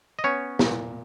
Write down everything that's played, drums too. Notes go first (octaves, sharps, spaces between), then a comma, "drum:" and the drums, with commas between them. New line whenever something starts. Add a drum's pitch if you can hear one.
D#5
B3 C#4 C#5
A#2, drum: snare